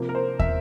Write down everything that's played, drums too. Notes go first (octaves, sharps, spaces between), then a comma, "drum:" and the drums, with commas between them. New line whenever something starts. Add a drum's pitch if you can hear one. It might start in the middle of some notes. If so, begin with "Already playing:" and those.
Already playing: C3 F3 A#3
A#4
C5
E5, drum: kick